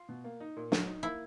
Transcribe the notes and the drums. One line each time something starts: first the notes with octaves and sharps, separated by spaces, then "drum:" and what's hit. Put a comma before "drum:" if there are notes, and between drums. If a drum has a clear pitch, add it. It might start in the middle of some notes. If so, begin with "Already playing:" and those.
Already playing: F4
B2
A#3
D#4
A#2
F#3, drum: snare
D#4
A#3 E4